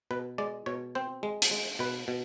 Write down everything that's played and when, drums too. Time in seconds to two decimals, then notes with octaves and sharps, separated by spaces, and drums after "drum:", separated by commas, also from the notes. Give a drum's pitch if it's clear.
0.11 B2 B4
0.38 G#3 D5
0.66 B2 C#5
0.95 C4 C5
1.23 G#3
1.42 drum: hi-hat
1.51 G#3
1.79 B2 B4
2.08 B2